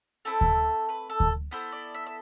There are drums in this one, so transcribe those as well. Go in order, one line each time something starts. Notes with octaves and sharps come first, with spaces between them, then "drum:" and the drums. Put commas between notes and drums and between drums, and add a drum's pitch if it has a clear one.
A3 C4 E4 A4
drum: kick D2
B4
A4
drum: kick D2
B3 E4 A4 C5
D5
E5
E5